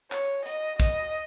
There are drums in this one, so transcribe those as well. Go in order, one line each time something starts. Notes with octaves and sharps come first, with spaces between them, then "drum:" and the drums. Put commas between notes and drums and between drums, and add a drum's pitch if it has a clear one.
C#5, drum: clap
D#5, drum: hi-hat
D#5, drum: kick